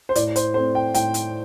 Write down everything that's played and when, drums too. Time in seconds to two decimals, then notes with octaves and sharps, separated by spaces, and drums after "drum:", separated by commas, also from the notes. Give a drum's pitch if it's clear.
0.09 C5
0.15 A2 D5, drum: hi-hat
0.36 C5, drum: hi-hat
0.54 A3 C4 C5
0.75 G5
0.94 A2 G5, drum: hi-hat
1.14 drum: hi-hat